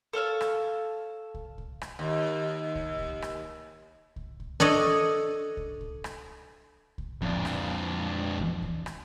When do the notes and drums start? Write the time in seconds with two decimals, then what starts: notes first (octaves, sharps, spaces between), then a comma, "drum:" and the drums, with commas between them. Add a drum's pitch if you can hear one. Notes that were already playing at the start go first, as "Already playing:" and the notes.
0.13 A4 C#5 F5 A5
0.41 drum: rim click
1.35 drum: kick C2
1.58 drum: kick C2
1.81 drum: rim click
1.99 D#2
2.75 drum: kick C2
2.99 drum: kick C2
3.22 drum: rim click
4.16 drum: kick C2
4.40 drum: kick C2
4.60 D4 A4 C#5 D#5
5.57 drum: kick C2
5.81 drum: kick C2
6.04 drum: rim click
6.98 drum: kick C2
7.22 F2 D4, drum: kick C2
7.45 drum: rim click
8.39 drum: kick C2
8.62 drum: kick C2
8.86 drum: rim click